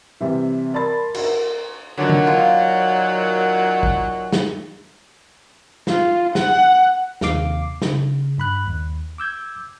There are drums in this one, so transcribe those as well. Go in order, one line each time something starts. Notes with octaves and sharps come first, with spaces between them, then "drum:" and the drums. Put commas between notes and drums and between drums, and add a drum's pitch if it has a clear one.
C3 E3 G3
A#4 D5 A5 B5 C6 A6
F#4 A#4 C6, drum: cymbal
A#2 D3 D#3 F#3 D4
drum: tom D3
A#3 F4
drum: kick
drum: snare
F4, drum: snare
F#5, drum: snare
D#2 C3 F5 D6 C7, drum: snare
C#3, drum: snare
G2 B5 F#6
D#2
D6 E6 G6 G#6